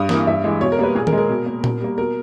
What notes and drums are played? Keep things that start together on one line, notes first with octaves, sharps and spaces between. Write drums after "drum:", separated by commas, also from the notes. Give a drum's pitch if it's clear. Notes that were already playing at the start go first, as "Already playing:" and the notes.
Already playing: G2 D#6
E3 A#3, drum: snare
G2 E5
E3 G#3
B2 C#5
A#4
G3 A#3 B4
A#2 G#4
A#4, drum: tom D#3
G#3
A#4
B2
A#3
B2, drum: tom A#2
G3 A#3
B2 A#4